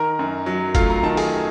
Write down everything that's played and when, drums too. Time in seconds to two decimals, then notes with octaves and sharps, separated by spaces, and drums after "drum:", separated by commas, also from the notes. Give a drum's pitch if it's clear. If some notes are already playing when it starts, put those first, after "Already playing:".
Already playing: D#3 A#4 A#5
0.19 F#2
0.46 F#3
0.75 A3 F4 F5, drum: kick, hi-hat
0.90 A#5
1.03 D#3 A5
1.17 G#4 G#5, drum: open hi-hat